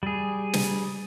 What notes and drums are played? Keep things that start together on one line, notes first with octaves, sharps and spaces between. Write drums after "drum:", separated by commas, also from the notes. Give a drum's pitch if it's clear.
G3 G#4
drum: snare